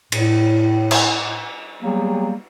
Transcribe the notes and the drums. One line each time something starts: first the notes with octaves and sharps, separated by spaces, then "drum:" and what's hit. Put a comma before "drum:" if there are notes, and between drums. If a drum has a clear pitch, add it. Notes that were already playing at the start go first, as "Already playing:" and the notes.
A2, drum: cymbal
drum: cymbal
F#3 G3 A#3 B3 G4 G#4